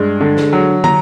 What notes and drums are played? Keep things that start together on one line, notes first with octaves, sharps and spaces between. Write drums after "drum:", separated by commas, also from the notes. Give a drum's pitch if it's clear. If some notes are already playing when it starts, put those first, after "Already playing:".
Already playing: G2 G#3
D3
drum: snare
F#3
A#5, drum: tom